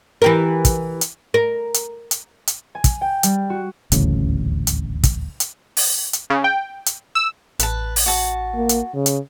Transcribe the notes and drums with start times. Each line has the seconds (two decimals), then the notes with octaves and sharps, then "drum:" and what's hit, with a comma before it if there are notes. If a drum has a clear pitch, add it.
0.22 E3 G4 A#4
0.65 drum: kick, hi-hat
1.01 drum: hi-hat
1.34 A#4
1.74 drum: hi-hat
2.11 drum: hi-hat
2.47 drum: hi-hat
2.75 G#5
2.84 drum: kick, hi-hat
3.01 G5
3.23 G3, drum: hi-hat
3.50 F#4
3.92 D#1 A1 D2 C#3, drum: hi-hat
4.67 drum: hi-hat
5.03 drum: kick, hi-hat
5.40 drum: hi-hat
5.77 drum: open hi-hat
6.13 drum: hi-hat
6.30 C#3
6.44 G5
6.86 drum: hi-hat
7.15 E6
7.59 A1 B4 A5, drum: hi-hat
7.96 drum: open hi-hat
8.06 F#4 A5
8.55 A#3
8.69 drum: hi-hat
8.94 C#3
9.06 drum: hi-hat